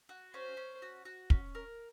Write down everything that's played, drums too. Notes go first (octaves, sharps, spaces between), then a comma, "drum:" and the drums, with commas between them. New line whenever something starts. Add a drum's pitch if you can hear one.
F#4
C#4 C5
C#4
F#4
F#4
C#4, drum: kick
A#4